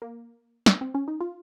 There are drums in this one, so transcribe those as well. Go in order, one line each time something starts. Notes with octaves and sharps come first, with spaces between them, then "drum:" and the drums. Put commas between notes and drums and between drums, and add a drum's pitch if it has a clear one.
A#3
drum: snare
C4
C#4
D#4
F4